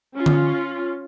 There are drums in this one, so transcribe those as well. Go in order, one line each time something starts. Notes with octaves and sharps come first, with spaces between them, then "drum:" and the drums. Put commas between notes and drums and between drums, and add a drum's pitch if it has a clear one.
C#4 F4
drum: tom D3